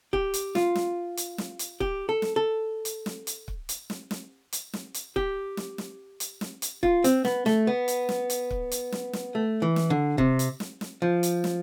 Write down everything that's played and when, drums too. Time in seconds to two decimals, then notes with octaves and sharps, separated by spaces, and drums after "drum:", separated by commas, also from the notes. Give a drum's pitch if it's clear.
0.13 G4, drum: kick
0.34 drum: hi-hat
0.55 F4, drum: snare
0.75 drum: snare
1.17 drum: hi-hat
1.38 drum: snare
1.59 drum: hi-hat
1.80 G4, drum: kick
2.09 A4
2.22 drum: snare
2.36 A4
2.85 drum: hi-hat
3.06 drum: snare
3.27 drum: hi-hat
3.48 drum: kick
3.69 drum: hi-hat
3.90 drum: snare
4.11 drum: snare
4.53 drum: hi-hat
4.73 drum: snare
4.94 drum: hi-hat
5.16 G4, drum: kick
5.57 drum: snare
5.78 drum: snare
6.20 drum: hi-hat
6.41 drum: snare
6.62 drum: hi-hat
6.83 F4, drum: kick
7.04 C4, drum: hi-hat
7.25 B3, drum: snare
7.46 A3, drum: snare
7.67 B3
7.88 drum: hi-hat
8.09 drum: snare
8.30 drum: hi-hat
8.51 drum: kick
8.71 drum: hi-hat
8.92 drum: snare
9.13 drum: snare
9.35 A3
9.62 E3
9.76 drum: snare
9.90 D3
10.18 C3, drum: kick
10.39 drum: hi-hat
10.60 drum: snare
10.81 drum: snare
11.02 F3
11.23 drum: hi-hat
11.44 drum: snare